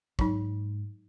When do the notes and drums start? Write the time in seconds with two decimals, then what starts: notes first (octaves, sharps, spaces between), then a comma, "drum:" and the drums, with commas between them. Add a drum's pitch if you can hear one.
0.19 G#2 F#3 D#4, drum: kick